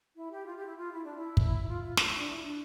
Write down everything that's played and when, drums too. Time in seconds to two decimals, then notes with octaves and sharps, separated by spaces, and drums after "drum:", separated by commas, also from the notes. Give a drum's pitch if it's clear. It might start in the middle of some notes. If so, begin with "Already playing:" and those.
0.16 E4
0.31 G4
0.46 F4
0.56 G4
0.66 E4
0.76 F4
0.91 E4
1.04 D4
1.17 E4
1.37 drum: kick
1.68 F4
1.82 F4
1.97 F4, drum: snare
2.08 E4
2.18 D4
2.28 E4
2.43 D4